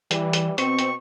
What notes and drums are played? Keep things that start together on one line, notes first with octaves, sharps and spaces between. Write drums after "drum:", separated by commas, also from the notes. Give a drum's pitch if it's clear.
E3 G3, drum: hi-hat
drum: hi-hat
B2 C4 C#6, drum: hi-hat
drum: hi-hat